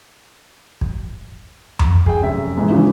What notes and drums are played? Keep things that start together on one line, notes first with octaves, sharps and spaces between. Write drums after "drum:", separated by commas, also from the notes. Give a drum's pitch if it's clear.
drum: kick
drum: tom F2
G#4 G5, drum: kick
F1 F#2 E5
G#2 E3
G#2 C#3 E3 F3